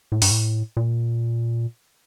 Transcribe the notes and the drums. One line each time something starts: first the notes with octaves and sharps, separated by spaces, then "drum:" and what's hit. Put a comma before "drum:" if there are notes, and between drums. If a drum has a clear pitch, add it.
A2
G2, drum: open hi-hat
A2
A#2